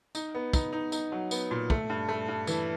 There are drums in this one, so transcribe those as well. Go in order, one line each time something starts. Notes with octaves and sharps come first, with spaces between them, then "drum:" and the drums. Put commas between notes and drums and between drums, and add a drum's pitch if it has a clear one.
D#4, drum: tambourine
B3
D#4, drum: kick, tambourine
D#4
D#4, drum: tambourine
F#3
B3, drum: tambourine
A#2
A3, drum: kick
G2
A3
G2
E3, drum: tambourine